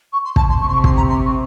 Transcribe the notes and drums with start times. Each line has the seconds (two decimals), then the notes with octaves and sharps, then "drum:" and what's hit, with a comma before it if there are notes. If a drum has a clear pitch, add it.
0.12 C#6
0.24 C6
0.36 A5, drum: kick
0.48 C6
0.61 C3 C#6
0.68 C6
0.73 C#6
0.84 C6, drum: kick
0.96 A#5
1.09 C6
1.25 C#6